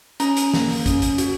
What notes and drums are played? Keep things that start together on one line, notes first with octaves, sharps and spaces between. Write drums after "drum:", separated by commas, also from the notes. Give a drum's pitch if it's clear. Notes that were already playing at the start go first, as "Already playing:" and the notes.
C#4 A#5, drum: hi-hat
drum: hi-hat
A#3, drum: snare
drum: open hi-hat
C#4, drum: kick A1, hi-hat
drum: hi-hat
F#4, drum: hi-hat